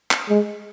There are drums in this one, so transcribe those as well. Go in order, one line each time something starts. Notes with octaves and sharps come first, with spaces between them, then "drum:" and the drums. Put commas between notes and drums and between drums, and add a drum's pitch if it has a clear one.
drum: clap
G#3